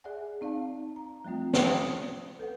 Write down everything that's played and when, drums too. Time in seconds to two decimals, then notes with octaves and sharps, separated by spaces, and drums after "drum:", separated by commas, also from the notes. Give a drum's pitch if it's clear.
0.04 G#4 D5 E5 F#5 G#5
0.41 C4 D#4 D5 F5 A5
0.96 A#5
1.24 F3 G3 A3 C4 F4
1.53 drum: snare
1.67 D5 D#6
2.39 A4 B4 F#5